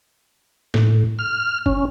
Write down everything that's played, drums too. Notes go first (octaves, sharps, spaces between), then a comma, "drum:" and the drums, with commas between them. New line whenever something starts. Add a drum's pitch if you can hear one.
A2, drum: snare
F6
C#4, drum: kick F#1